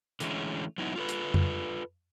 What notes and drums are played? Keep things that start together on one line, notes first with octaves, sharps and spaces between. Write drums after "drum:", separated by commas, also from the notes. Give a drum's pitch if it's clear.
D3 E3 G#3 A3 C#4, drum: hi-hat
F#3 B3 D#4 E4
F4 A4 B4
drum: hi-hat
drum: tom F2